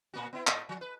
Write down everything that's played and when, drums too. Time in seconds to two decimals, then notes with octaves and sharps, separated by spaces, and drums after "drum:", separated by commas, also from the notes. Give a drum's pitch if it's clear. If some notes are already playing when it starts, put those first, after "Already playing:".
0.13 A#2 A#3 F#4
0.33 B3 E4
0.47 A2 A4 D#5, drum: clap
0.69 F3
0.81 B4